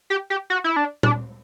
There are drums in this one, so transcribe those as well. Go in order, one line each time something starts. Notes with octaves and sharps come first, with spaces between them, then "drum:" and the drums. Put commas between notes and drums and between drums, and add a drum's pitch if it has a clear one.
G4
G4
F#4
E4
D4
D4, drum: tom